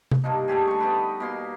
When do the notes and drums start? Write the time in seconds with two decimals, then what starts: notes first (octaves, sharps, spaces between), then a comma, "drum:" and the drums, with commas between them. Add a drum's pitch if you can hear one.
0.11 drum: tom C3
0.24 G2 A#3 D4 D#4
0.48 G3 A3 G4 G#4
0.67 D3 C#6
0.80 B3 D#4 G4 B4
1.20 B2 A#3 C6